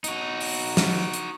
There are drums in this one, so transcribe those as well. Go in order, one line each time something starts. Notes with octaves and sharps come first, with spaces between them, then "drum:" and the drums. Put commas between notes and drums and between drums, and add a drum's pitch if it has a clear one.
D#4 F#4, drum: hi-hat
drum: open hi-hat
drum: snare
drum: hi-hat